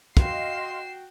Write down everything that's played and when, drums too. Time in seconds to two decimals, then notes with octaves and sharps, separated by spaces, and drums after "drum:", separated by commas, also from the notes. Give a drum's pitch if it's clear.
0.17 F#4 D#5 F5 G5 C6 C7 E7, drum: kick